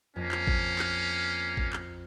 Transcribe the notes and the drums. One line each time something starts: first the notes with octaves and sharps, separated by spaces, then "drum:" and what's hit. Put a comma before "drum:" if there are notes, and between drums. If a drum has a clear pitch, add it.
F2 A#3 C#4
drum: clap
drum: kick A1
drum: clap
drum: kick A1
drum: clap